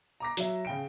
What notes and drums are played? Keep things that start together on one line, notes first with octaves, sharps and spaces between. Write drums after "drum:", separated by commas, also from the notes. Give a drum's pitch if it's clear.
A#5 D6 A#6
F#3 E5, drum: hi-hat
C#3 G5 D7